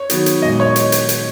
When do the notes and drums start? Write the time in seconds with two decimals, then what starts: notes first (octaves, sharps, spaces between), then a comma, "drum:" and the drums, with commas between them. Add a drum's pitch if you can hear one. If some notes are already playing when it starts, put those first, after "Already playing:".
Already playing: C#5
0.10 D#3 F#3 B3 D#4 F#4, drum: hi-hat
0.26 drum: hi-hat
0.42 A#2 G#3 B3 D#5
0.60 C#5
0.76 drum: hi-hat
0.92 drum: hi-hat
1.09 drum: hi-hat